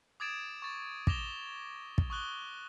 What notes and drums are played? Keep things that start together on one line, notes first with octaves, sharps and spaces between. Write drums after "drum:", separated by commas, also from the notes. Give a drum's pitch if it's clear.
D6 D#6 G#6 A6 D7 E7
C#6 A6
D6 A#6 E7 F7 G7, drum: kick
drum: kick
C#6 D#6 F#6 G7